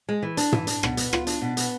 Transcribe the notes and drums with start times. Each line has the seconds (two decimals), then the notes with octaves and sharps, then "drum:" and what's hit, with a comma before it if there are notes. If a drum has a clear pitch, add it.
0.09 G#3
0.23 E3
0.37 D4, drum: hi-hat
0.52 E3, drum: tom
0.67 D4, drum: hi-hat
0.83 B2, drum: rim click
0.97 B3, drum: hi-hat
1.13 F4, drum: rim click
1.27 D4, drum: hi-hat
1.42 B2
1.57 B3, drum: hi-hat